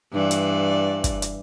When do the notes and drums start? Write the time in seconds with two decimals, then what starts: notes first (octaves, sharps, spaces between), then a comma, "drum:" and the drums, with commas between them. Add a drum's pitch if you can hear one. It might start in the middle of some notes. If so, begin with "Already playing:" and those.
0.12 G2 E3 D5
0.31 drum: hi-hat
1.04 drum: kick, hi-hat
1.22 drum: hi-hat